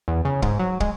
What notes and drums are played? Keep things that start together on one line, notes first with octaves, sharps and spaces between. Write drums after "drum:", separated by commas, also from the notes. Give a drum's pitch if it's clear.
E2
C#3
G#2, drum: kick
F#3
G#3, drum: kick